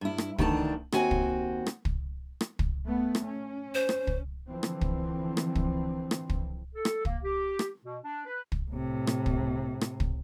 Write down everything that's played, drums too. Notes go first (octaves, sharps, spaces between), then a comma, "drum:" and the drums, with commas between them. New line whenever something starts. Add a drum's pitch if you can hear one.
G2 E4
drum: rim click
D2 D#3 E3 D4 A5, drum: kick
D#2 C4 F#4 G#5, drum: rim click
drum: kick
drum: rim click
drum: kick
drum: rim click
drum: kick
A3 B3
drum: rim click
C#4
C5
drum: rim click
drum: kick
D3 E3 F3 C4
drum: rim click
drum: kick
drum: rim click
drum: kick
drum: rim click
drum: kick
A4
drum: rim click
A#3, drum: kick
G4
drum: rim click
B2
D4
B4
drum: kick
A2 C3
drum: rim click
drum: kick
drum: rim click
drum: kick